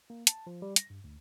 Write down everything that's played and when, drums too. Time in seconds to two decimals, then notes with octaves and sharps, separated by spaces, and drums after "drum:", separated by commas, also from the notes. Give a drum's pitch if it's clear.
0.10 A#3
0.27 A5, drum: hi-hat
0.47 F3
0.62 G3
0.76 A#6, drum: hi-hat
0.90 G2
1.04 D2